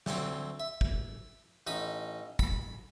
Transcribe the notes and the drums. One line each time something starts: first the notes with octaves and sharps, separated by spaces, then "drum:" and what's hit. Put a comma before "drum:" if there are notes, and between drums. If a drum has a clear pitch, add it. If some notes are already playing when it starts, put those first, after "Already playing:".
D2 C4, drum: snare
E5
drum: kick
A1 D#4 B5
B5, drum: kick